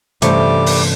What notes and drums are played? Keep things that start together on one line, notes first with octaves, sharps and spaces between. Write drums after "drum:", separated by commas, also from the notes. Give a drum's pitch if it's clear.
G1 C3 E3 G3 A3 C#4 C5 D6, drum: hi-hat
drum: open hi-hat